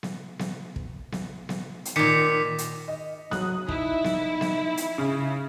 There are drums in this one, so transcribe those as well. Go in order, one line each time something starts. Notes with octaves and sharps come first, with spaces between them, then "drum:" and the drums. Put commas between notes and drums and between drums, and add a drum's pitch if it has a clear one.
drum: snare B3
drum: snare B3
drum: kick
drum: snare B3
drum: snare B3
drum: hi-hat
A#2 D#3 D6 B6 C#7
drum: hi-hat
D#5
F#3 D#6 F#6, drum: snare B3
D#4 E4, drum: kick
drum: snare B3
drum: snare B3
drum: hi-hat
C#3